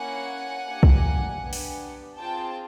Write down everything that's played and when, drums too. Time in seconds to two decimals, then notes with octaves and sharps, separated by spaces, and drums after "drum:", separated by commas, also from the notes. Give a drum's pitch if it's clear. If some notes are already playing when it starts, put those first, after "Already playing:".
Already playing: A#3 C#4 E4 F#5 G#5
0.68 A#3 D4 G4
0.83 drum: kick
1.43 B3 D4 G4
1.53 drum: open hi-hat
2.18 C4 F4 G#4 G5 A5